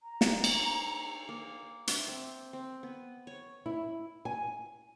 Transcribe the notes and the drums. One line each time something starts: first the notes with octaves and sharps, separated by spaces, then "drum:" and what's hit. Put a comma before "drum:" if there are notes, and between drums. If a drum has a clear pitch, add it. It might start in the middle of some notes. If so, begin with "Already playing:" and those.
A#5
drum: snare
drum: cymbal
A#3
E5, drum: hi-hat
C4
C4
B3
C#5
E4
G#5